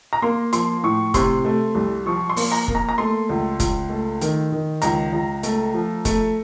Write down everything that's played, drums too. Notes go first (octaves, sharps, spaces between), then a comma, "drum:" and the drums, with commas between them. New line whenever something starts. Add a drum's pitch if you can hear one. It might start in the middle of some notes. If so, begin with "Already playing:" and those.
A#5
A#3 C6
F3 C6, drum: hi-hat
A2 C#6
C3 C6, drum: kick F1, hi-hat
A3
C2
F3 C#6
C6
A#3, drum: open hi-hat
A#5
A#3, drum: kick F1
A#5
A#5
A3 C6
C#2
C#2, drum: kick F1, hi-hat
A3
D#3, drum: hi-hat
D#3
C#2 A#5, drum: hi-hat
C#2
A3, drum: hi-hat
F3
A3, drum: kick F1, hi-hat